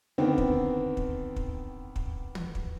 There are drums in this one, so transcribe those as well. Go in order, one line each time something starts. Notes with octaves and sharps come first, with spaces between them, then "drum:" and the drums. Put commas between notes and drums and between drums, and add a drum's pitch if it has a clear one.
D3 D#3 B3 C4
drum: kick
drum: kick
drum: kick
drum: kick
drum: tom
drum: kick